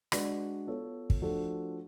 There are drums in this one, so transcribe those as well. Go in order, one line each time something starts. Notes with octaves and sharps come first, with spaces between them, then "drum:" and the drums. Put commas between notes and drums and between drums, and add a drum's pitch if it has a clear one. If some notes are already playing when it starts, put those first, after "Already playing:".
G#3 D4 F#4 B4 D5, drum: rim click
B3 F4 A4 C#5
drum: kick
F3 A3 D4 F#4 A4